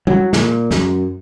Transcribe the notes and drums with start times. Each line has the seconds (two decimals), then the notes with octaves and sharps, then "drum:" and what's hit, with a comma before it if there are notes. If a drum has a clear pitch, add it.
0.07 F#3, drum: tom
0.33 A#2, drum: snare
0.71 F#2, drum: snare